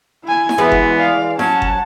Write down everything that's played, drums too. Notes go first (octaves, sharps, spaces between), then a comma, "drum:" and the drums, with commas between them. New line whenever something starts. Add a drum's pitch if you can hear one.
E4 G#5
drum: snare E4
E3 G#3 B3 F#4 B4
drum: kick F#1
D5 F5
F#3 C#4 F#5 A5, drum: snare E4
drum: kick F#1